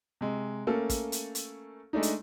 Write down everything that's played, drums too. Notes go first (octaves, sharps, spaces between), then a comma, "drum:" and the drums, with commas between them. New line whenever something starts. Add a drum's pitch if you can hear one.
C3 G#3
A3 A#3 C#4 A4
drum: kick, hi-hat
drum: hi-hat
drum: hi-hat
G#3 A3 D4 D#4
drum: hi-hat